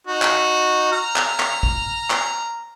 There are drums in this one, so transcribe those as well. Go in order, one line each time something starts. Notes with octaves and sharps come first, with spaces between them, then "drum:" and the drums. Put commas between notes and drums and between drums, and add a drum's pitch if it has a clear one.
D#4 F#4
drum: clap
A#5 F6
drum: clap
drum: clap
drum: kick
drum: clap